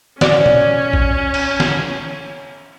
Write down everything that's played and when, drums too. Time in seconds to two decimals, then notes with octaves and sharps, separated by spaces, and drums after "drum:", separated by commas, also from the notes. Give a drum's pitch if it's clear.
0.21 C#4 F#4 D5, drum: snare
0.46 drum: tom A#2
0.93 drum: kick
1.34 drum: cymbal
1.60 drum: snare